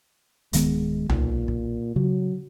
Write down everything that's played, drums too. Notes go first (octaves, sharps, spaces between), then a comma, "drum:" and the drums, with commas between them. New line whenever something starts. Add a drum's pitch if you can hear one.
D1 D#3 G#3 B3, drum: hi-hat
B1 A#2, drum: tom C#2
drum: kick
C#3 F#3